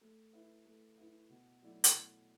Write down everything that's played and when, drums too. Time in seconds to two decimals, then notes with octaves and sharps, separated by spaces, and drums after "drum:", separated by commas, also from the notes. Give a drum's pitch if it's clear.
0.01 A3
0.33 E4 B4 E5
0.66 A3
0.98 E4 B4 E5
1.29 B2
1.61 F#3 A3 E4 D5
1.84 drum: hi-hat
1.94 B2